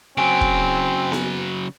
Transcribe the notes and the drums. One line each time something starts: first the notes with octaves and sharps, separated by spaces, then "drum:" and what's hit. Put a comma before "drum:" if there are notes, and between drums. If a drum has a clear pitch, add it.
C#3 F#3 C4 G#5 D7
drum: kick
drum: snare B3